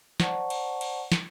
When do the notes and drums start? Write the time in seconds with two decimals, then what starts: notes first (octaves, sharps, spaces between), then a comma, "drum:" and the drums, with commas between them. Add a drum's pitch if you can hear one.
0.20 C5 D5 F#5 A5 A#5 C#6, drum: snare
0.50 drum: cymbal
0.81 drum: cymbal
1.12 drum: snare